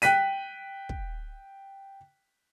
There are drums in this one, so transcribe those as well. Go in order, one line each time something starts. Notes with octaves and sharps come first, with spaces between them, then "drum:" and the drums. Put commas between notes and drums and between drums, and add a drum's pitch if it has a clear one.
G5 F#6 B6 D#7, drum: hi-hat
drum: kick